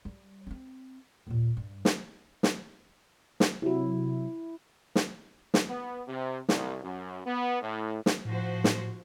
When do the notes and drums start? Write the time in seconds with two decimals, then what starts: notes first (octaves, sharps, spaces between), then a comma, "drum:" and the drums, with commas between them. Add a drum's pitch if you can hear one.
0.05 G3
0.47 C4 C#4
1.27 D#2 A#2
1.57 G2
1.85 drum: snare
2.43 drum: snare
3.40 drum: snare
3.62 C3 F#3 E4
4.95 drum: snare
5.54 drum: snare
5.69 B3
6.08 C3
6.49 C2, drum: snare
6.83 F#2
7.26 B3
7.62 A2
8.06 drum: snare
8.25 A2 F3 F#4 C5
8.64 drum: snare